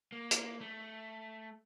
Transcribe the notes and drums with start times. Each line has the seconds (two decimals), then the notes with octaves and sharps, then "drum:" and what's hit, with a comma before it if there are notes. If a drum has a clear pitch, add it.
0.12 A#3
0.31 drum: hi-hat
0.61 A3